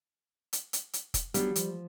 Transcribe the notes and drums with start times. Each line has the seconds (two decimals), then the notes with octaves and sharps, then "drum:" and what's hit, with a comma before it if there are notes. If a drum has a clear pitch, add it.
0.53 drum: hi-hat
0.73 drum: hi-hat
0.93 drum: hi-hat
1.14 drum: kick F1, hi-hat
1.34 F#3 G3 B3 D4, drum: hi-hat
1.56 F3, drum: hi-hat